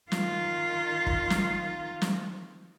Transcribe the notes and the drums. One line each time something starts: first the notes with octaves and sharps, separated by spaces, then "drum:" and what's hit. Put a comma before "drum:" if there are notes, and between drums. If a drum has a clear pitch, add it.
D#3 F4, drum: snare
drum: kick
drum: snare
drum: snare